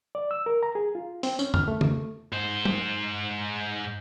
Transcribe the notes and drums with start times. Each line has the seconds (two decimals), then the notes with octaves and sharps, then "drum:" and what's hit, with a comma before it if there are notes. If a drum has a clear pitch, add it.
0.15 D5
0.31 E6
0.46 A#4
0.63 A#5
0.75 G#4
0.95 F4
1.23 C4, drum: open hi-hat
1.39 C#4, drum: tambourine
1.54 F6, drum: tom F2
1.68 A3
1.81 drum: tom C#3
2.32 G#2 C5
2.65 drum: tom F#3